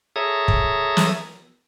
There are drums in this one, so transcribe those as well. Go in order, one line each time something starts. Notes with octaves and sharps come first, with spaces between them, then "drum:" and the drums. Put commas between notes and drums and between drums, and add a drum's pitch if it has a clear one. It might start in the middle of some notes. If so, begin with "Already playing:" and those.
G#4 A4 C#5 E5 A#5 D#6
drum: kick
drum: snare